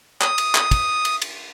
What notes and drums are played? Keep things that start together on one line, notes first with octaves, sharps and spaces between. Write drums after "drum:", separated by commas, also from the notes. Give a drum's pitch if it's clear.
D#6, drum: clap
drum: cymbal
drum: clap
drum: kick, cymbal
drum: cymbal
drum: cymbal